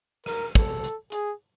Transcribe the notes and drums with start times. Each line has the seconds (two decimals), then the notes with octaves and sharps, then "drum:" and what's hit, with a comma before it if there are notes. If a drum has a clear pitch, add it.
0.26 A#4, drum: rim click
0.55 A4, drum: kick, hi-hat
0.84 drum: hi-hat
1.12 G#4, drum: hi-hat